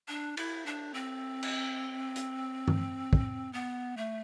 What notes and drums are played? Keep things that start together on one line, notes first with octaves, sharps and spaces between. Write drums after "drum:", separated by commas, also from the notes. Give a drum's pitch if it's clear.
D4
E4, drum: cymbal
D4
C4
drum: cymbal
drum: hi-hat
drum: tom G2
drum: kick
B3
A3